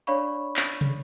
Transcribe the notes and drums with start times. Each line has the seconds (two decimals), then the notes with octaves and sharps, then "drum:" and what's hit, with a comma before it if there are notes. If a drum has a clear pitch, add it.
0.07 D4 C#5 D5 F5 B5 C#6
0.56 drum: clap
0.81 drum: tom